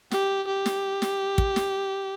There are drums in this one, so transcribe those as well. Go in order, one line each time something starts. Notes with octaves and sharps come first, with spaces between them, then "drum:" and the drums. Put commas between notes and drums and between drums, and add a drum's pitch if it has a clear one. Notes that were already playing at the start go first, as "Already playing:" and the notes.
G4, drum: snare
G4
drum: snare
drum: snare
drum: kick
drum: snare